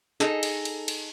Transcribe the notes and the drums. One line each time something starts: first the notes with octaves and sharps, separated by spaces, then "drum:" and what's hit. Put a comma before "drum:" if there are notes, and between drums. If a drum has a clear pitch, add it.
D#4 G#4 A4, drum: snare
drum: cymbal
drum: cymbal
drum: cymbal